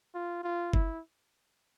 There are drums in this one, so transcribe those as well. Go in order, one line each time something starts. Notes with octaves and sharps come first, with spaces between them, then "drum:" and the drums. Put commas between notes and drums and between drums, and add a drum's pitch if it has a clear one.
F4
F4
E4, drum: kick